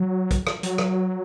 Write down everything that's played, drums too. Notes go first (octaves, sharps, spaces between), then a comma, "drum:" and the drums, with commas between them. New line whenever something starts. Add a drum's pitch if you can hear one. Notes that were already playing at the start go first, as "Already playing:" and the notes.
Already playing: F#3
drum: kick, hi-hat
drum: rim click
F#3, drum: hi-hat
drum: rim click